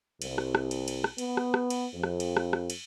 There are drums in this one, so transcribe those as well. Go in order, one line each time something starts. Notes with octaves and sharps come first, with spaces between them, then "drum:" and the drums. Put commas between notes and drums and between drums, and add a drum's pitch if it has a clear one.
C2, drum: cymbal
drum: rim click
drum: rim click
drum: cymbal
drum: cymbal
drum: rim click
B3, drum: cymbal
drum: rim click
drum: rim click
drum: cymbal
F2
drum: rim click
drum: cymbal
drum: rim click
drum: rim click
drum: cymbal